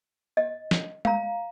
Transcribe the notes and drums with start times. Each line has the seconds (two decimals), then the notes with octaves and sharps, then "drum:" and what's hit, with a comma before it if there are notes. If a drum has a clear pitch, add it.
0.37 D#5
0.71 drum: snare
1.05 F5 A#5, drum: tom G#3